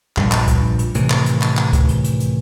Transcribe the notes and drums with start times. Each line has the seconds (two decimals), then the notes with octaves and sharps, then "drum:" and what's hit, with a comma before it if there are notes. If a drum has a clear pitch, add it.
0.17 A#1 G2 A#2 G3, drum: clap
0.32 drum: clap
0.47 drum: kick C#2, hi-hat
0.79 drum: hi-hat
0.94 A2 C3 D#3 E3, drum: hi-hat
1.10 drum: clap
1.26 drum: hi-hat
1.42 drum: clap
1.57 drum: clap
1.73 drum: kick C#2, hi-hat
1.89 drum: hi-hat
2.04 drum: hi-hat
2.20 drum: hi-hat